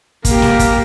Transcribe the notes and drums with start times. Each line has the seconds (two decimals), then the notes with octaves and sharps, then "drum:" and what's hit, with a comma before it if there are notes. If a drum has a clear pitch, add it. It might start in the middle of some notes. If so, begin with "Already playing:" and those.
0.25 A#3 G4, drum: kick, hi-hat
0.42 drum: snare
0.59 drum: kick, hi-hat